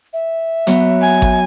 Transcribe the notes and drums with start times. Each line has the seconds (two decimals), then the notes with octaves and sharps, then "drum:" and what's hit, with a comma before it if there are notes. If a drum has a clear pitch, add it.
0.13 E5
0.67 F#3 B3, drum: hi-hat
1.01 G#5
1.22 drum: kick G#1